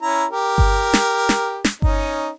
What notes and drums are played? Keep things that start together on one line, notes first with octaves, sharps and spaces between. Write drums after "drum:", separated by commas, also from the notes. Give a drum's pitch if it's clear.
C#4 E4 A#5
G4 A#4
drum: kick G1
drum: snare
drum: snare
drum: snare
C#4 D#4, drum: kick G1